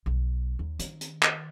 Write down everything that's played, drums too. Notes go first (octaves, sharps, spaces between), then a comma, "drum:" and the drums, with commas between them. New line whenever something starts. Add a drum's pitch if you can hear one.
B1
D#2
D#3, drum: hi-hat
drum: hi-hat
drum: clap